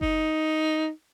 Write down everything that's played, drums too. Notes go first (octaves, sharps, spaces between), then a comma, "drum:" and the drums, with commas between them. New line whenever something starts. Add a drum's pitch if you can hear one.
D#4, drum: kick F#1